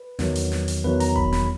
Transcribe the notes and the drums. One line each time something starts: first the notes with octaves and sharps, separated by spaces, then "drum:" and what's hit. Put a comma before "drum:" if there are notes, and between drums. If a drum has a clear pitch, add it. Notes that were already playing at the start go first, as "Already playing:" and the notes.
Already playing: B4
E2 D#3 F#3, drum: snare
drum: hi-hat
drum: snare
drum: hi-hat
E2 D#3 F#3 B4
A#5, drum: hi-hat
B5, drum: kick E1
B5, drum: snare